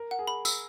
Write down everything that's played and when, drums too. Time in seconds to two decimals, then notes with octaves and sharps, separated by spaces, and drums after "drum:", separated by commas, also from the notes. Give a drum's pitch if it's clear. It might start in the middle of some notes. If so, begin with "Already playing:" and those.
Already playing: A#4
0.11 F#5
0.19 G#4
0.27 B5
0.45 E6, drum: tambourine